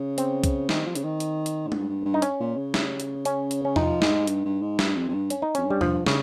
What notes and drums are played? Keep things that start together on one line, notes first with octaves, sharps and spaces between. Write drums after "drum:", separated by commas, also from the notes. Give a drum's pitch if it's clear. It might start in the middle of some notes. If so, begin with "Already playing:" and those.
Already playing: C#3
C4, drum: hi-hat
drum: kick C2, hi-hat
D#3, drum: snare
F3
C#3, drum: hi-hat
D#3
drum: hi-hat
drum: hi-hat
G#2
G2, drum: tom G#3
G2
G2
D#4
C#4, drum: hi-hat
A#2
C#3
drum: snare
drum: hi-hat
C#4, drum: hi-hat
drum: hi-hat
C#4
F3 D#4, drum: tom E2
G#2, drum: snare
G2, drum: hi-hat
G2
G#2
G2, drum: snare
F2
F2
G2
C#4, drum: hi-hat
D#4
F2 C#4, drum: hi-hat
G2
G3
G2 F3, drum: tom E2
C#3, drum: snare